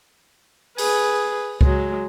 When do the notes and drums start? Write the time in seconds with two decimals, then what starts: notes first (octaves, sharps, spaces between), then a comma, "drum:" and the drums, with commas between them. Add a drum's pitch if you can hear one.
0.78 G#4 B4, drum: open hi-hat
1.61 F#3 G#3, drum: kick C#2